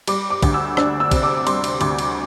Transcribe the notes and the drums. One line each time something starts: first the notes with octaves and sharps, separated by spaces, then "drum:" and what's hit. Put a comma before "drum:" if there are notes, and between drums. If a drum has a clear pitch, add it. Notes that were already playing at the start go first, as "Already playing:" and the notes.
G3 D6, drum: cymbal
D6
D2, drum: kick A#1, cymbal
E6
D4 E6, drum: rim click
E6
C3, drum: kick A#1, cymbal
D6
G3 C6, drum: cymbal
drum: cymbal
D2 D6, drum: cymbal
drum: cymbal